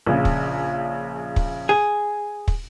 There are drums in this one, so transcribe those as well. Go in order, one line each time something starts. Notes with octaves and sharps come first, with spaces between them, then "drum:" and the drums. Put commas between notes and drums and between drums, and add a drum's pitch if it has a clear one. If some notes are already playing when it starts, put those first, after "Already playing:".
A#1 C#3
drum: kick
drum: kick
G#4
drum: kick